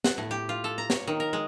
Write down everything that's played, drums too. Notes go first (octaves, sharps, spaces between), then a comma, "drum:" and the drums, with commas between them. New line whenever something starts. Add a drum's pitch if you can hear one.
F#5, drum: snare
A2
G4
F4
A4
A#5
C#5, drum: snare
D#3
A#4
G#3